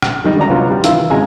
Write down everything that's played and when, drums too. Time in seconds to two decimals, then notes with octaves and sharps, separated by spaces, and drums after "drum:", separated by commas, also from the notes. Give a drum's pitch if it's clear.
0.02 drum: rim click
0.24 D#3 G3 D#4
0.36 D3 F#4 D5 A#5
0.48 C2 F#3 B3 F4
0.70 G3
0.84 D#3 E3 E4 F4 F5 E6, drum: hi-hat
1.10 G#1 C#3 G#3 G#5 A#5